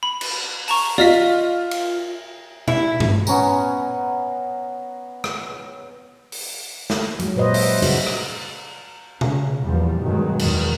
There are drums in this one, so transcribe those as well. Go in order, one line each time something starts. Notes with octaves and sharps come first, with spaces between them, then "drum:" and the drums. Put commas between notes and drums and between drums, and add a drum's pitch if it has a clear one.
B5
drum: cymbal
A5 A#5 C#6, drum: open hi-hat
F4 D5 D#5 B6
drum: cymbal
E4, drum: tom B2
drum: tom G2
B3 C#4 G#5 A#5, drum: tambourine
drum: rim click
drum: open hi-hat
drum: snare
F#3 G#3, drum: hi-hat
A#2 B4 C5 D#5
E5, drum: open hi-hat
C#3 G3 D#4 F#4 G#4, drum: cymbal
drum: rim click
C#3, drum: tom B2
E2 A#2 F3 G3
G2 B2 D#3 F#3 G#3
E2 B2 D#3, drum: cymbal